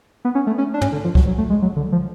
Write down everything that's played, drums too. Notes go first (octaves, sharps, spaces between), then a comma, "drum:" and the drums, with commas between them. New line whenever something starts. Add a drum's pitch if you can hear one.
B3
C#4
A3
C#4
D4
C#4, drum: tom
D3
F3
F#3, drum: kick C2
F#3
A3
G#3
F#3
D3
F3